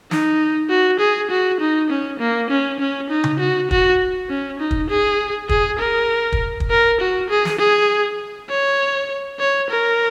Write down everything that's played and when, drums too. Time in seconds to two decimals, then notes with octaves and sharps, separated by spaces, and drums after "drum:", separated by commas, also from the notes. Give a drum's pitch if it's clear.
0.11 D#4, drum: snare
0.70 F#4
1.00 G#4
1.31 F#4
1.61 D#4
1.90 C#4
2.20 A#3
2.50 C#4
2.80 C#4
3.10 D#4
3.24 drum: tom C#3
3.40 F#4
3.71 F#4, drum: kick
4.29 C#4
4.60 D#4
4.71 drum: kick
4.90 G#4
5.49 G#4, drum: kick
5.79 A#4
6.32 drum: kick
6.60 drum: kick
6.70 A#4
7.00 F#4
7.30 G#4
7.45 drum: snare
7.59 G#4
8.50 C#5
9.40 C#5
9.70 A#4